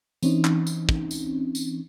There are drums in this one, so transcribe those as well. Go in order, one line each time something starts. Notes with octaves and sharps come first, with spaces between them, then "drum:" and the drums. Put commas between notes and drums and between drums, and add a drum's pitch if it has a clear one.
E3 C4 C#4 D#4, drum: tambourine
drum: clap
drum: tambourine
drum: kick
drum: tambourine
drum: tambourine